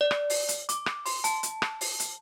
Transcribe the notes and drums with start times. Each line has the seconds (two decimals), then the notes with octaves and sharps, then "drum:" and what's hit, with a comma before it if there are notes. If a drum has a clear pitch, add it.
0.01 D5
0.11 drum: rim click
0.30 drum: open hi-hat
0.48 drum: hi-hat
0.69 D6, drum: hi-hat
0.86 drum: rim click
1.06 C6, drum: open hi-hat
1.24 A5, drum: hi-hat
1.43 drum: hi-hat
1.62 drum: rim click
1.81 drum: open hi-hat
2.00 drum: hi-hat